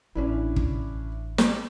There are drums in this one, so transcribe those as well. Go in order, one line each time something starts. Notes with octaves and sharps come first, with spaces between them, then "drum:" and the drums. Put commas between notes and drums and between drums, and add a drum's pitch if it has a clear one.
A1 C#4 D4 E4
drum: kick
drum: snare